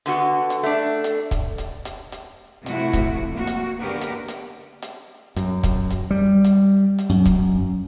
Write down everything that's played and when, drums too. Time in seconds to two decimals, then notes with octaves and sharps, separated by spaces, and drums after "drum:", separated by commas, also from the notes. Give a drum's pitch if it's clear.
0.06 D3 B3 F#4
0.50 drum: hi-hat
0.63 A3 D4
1.04 drum: hi-hat
1.31 drum: kick, hi-hat
1.58 drum: hi-hat
1.85 drum: hi-hat
2.12 drum: hi-hat
2.66 C3 F3 A3 E4 F#4, drum: hi-hat
2.93 drum: kick, hi-hat
3.32 A#3 F#4
3.47 drum: hi-hat
3.80 D3 A#3 B3 G4 A#4 B4
4.01 drum: hi-hat
4.28 drum: hi-hat
4.82 drum: hi-hat
5.36 F#2, drum: hi-hat
5.63 drum: kick, hi-hat
5.90 drum: hi-hat
6.11 G3
6.44 drum: hi-hat
6.98 drum: hi-hat
7.09 F#2
7.25 drum: kick, hi-hat